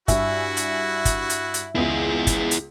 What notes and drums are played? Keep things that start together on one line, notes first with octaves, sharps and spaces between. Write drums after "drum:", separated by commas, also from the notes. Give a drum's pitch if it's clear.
G2 E4 F#4 E5 G#5, drum: kick, hi-hat
drum: hi-hat
drum: kick, hi-hat
drum: hi-hat
drum: hi-hat
C#2 B3 E4 G#4
drum: kick, hi-hat
drum: hi-hat